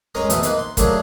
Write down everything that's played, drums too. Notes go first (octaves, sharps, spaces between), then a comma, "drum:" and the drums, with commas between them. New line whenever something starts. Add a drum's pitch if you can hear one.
G#3 C#4 A#4 G#5 A#5 D#6
B2 E3 A3 D#6, drum: hi-hat
D#3 A#3 B4, drum: hi-hat
C6
D#3 F#3 A3 A#3 D4 G#4, drum: kick, hi-hat